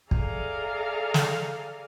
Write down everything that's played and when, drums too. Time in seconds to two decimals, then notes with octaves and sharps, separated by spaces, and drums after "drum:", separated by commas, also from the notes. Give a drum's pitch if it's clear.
0.11 G#4 A4 D5 E5 F5 A#5, drum: kick
1.14 drum: snare